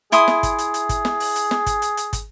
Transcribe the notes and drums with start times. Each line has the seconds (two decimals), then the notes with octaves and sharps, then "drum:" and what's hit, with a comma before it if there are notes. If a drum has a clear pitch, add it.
0.12 E4 G#4 C6 D#6, drum: hi-hat
0.28 drum: snare
0.43 drum: kick, hi-hat
0.58 drum: hi-hat
0.74 drum: hi-hat
0.89 drum: kick, hi-hat
1.05 drum: snare
1.20 drum: open hi-hat
1.36 drum: hi-hat
1.51 drum: snare
1.66 drum: kick, hi-hat
1.82 drum: hi-hat
1.97 drum: hi-hat
2.13 drum: kick, hi-hat